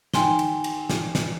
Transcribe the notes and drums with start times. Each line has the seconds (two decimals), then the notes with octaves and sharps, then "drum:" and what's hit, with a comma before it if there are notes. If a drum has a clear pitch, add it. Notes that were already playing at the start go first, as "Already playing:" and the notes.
0.14 D#4 G5 G#5 C6 G7, drum: snare
0.39 drum: cymbal
0.64 drum: cymbal
0.90 drum: snare
1.15 drum: snare